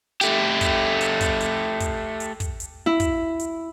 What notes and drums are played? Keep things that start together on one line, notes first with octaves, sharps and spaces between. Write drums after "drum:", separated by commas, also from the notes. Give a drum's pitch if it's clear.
A3 G4, drum: hi-hat
drum: kick, hi-hat
drum: hi-hat
drum: kick, hi-hat
drum: hi-hat
drum: kick, hi-hat
drum: hi-hat
drum: kick, hi-hat
drum: hi-hat
E4
drum: kick, hi-hat
drum: hi-hat